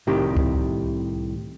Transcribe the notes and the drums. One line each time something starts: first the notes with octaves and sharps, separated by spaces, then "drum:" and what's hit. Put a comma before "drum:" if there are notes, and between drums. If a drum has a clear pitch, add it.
C2 A2 C3 D#3 D#4 G4
drum: kick C#2